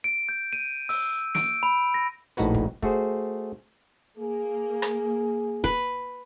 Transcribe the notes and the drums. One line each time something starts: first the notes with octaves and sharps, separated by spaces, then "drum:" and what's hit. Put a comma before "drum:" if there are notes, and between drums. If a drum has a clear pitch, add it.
D7
G6
D#7
E6, drum: open hi-hat
D7, drum: snare
B5
A#6
A#1 A2 D#4 F#4 B4, drum: hi-hat
drum: kick
A3 F#4 G#4 C5, drum: kick
A#3 G#4
drum: rim click
B4, drum: kick